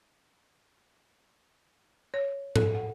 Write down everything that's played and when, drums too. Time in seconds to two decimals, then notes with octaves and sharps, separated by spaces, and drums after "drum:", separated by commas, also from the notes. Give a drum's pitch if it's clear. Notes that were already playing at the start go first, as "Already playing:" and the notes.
2.14 C#5
2.56 A4, drum: tom G#2
2.75 F#5